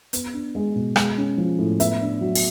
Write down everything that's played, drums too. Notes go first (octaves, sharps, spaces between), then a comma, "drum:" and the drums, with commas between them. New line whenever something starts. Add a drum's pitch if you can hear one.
B3, drum: hi-hat
D4
G#3
B2
G#3, drum: rim click
C#4
F3
A2
B3 E5, drum: hi-hat
D4
F#3
drum: open hi-hat